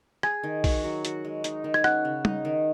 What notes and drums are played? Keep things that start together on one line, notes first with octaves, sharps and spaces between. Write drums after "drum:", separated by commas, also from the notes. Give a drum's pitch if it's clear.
G#4 G#5 G#6, drum: rim click
D#3
F#4, drum: kick A#1, open hi-hat
F#3
F#4, drum: hi-hat
G#3
D#4, drum: hi-hat
D#3
G#6, drum: rim click
C#4 F#5 F#6, drum: rim click
C#3
D#4, drum: tom
D#3